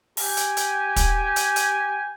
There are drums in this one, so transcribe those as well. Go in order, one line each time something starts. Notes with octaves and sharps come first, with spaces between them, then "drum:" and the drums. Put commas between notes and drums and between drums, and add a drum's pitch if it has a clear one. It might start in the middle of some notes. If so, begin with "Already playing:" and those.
G4 G5 G#5, drum: open hi-hat
drum: hi-hat
drum: hi-hat
drum: kick, hi-hat
drum: hi-hat
drum: hi-hat